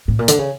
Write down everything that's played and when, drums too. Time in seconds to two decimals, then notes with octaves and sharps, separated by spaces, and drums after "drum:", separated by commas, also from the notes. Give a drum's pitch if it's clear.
0.08 A2
0.19 A#2
0.28 D3, drum: hi-hat
0.39 C#3